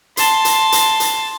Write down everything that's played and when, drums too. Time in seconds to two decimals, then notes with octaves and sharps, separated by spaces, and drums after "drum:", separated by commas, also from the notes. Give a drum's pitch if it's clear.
0.17 A5 C6, drum: hi-hat
0.45 drum: hi-hat
0.72 drum: hi-hat
1.00 drum: hi-hat